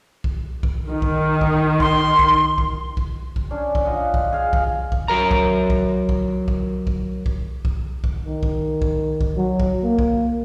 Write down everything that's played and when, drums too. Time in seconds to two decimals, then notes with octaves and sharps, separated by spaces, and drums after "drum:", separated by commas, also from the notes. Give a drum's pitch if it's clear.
0.24 drum: kick A#1
0.63 drum: kick A#1
0.88 D#3
1.02 drum: kick A#1
1.41 drum: kick A#1
1.80 C6, drum: kick A#1
2.19 drum: kick A#1
2.58 drum: kick A#1
2.97 drum: kick A#1
3.36 drum: kick A#1
3.51 C#4 D4
3.75 drum: kick A#1
3.85 F4 D5 D#5 F#5
4.14 drum: kick A#1
4.32 G#4 F5
4.53 drum: kick A#1
4.92 drum: kick A#1
5.08 F#3 A#4 A#5
5.31 drum: kick A#1
5.70 drum: kick A#1
6.09 drum: kick A#1
6.48 drum: kick A#1
6.87 drum: kick A#1
7.26 drum: kick A#1
7.65 drum: kick A#1
8.04 drum: kick A#1
8.25 D#3
8.43 drum: kick A#1
8.82 drum: kick A#1
9.21 drum: kick A#1
9.37 F#3
9.60 drum: kick A#1
9.83 A#3
9.99 drum: kick A#1